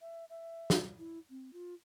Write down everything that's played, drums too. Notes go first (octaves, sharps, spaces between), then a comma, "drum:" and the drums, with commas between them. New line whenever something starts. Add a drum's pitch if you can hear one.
E5
E5
drum: snare
E4
C4
F4